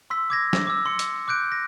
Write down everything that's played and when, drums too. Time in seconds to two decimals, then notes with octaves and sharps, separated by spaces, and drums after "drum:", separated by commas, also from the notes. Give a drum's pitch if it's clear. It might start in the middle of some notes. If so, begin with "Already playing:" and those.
0.10 C6 E6 B6
0.30 D6 G#6 A#6
0.53 drum: snare
0.67 D6 E6
0.86 C6 C#7
0.99 drum: hi-hat
1.28 D6 F#6 G6 D7
1.52 A#6